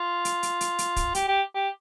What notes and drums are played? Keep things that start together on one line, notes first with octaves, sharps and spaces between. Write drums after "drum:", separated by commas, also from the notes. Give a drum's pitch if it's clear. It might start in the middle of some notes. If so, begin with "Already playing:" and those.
Already playing: F4
drum: hi-hat
drum: hi-hat
drum: hi-hat
drum: hi-hat
drum: kick, hi-hat
G4, drum: hi-hat
G4
G4